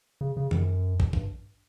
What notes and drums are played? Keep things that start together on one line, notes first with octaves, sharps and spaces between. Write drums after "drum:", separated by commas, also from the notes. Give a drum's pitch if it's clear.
C#3
C#3
F#2, drum: tom D#3
drum: kick
G2, drum: kick